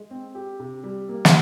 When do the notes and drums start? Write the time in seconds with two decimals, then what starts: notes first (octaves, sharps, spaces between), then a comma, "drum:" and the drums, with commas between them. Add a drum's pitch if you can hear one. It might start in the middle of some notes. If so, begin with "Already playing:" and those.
Already playing: G#3
0.11 C4
0.35 G4
0.60 C3
0.84 G3
1.09 A#3
1.25 drum: snare